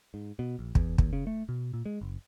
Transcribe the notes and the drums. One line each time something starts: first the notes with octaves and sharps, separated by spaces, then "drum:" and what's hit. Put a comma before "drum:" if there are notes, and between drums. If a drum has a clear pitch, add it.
G#2
B2
A#1
E2, drum: kick
D#2, drum: kick
C#3
A3
B2
A#2
G#3
F#1